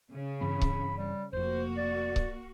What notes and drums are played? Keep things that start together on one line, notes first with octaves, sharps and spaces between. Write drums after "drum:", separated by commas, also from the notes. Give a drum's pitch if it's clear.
C#3
G2 E3 C4 B5
drum: kick C#1
G3
F1 F2 A#3 F#4 C5
D5
drum: kick C#1